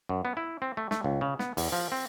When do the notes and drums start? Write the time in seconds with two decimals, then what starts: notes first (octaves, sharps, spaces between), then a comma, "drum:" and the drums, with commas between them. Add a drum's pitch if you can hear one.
0.09 F#2
0.25 B3
0.37 E4
0.62 C4
0.77 A3
0.91 A3, drum: snare
1.04 C#2
1.21 C#3
1.39 B3, drum: snare
1.57 E2, drum: open hi-hat
1.72 F3
1.92 C4